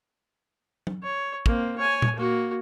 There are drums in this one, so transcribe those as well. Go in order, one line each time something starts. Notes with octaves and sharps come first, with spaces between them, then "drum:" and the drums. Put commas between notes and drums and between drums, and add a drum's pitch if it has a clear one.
drum: tom
C#5
A#3 C4, drum: kick
C#5 G#5
drum: tom A#2
A#3 F#4